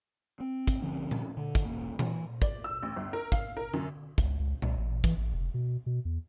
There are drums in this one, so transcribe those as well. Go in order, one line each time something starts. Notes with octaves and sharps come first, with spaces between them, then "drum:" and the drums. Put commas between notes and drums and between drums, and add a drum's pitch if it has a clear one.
C4
drum: kick, hi-hat
D3 F3 C4 C#4
drum: tom A#2
D3
drum: kick, hi-hat
E1 A#3
E3, drum: tom A#2
D5, drum: kick, hi-hat
E6
A1
G1
A#4
F5, drum: kick, hi-hat
A#4
F#2, drum: tom D3
C#2, drum: kick, hi-hat
C#2
C2, drum: tom A#2
A1
E3, drum: kick, hi-hat
A1
F1
B2
B2
E2